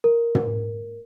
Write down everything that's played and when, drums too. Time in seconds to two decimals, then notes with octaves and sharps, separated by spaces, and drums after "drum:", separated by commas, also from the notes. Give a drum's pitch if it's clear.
0.04 A#4
0.35 drum: tom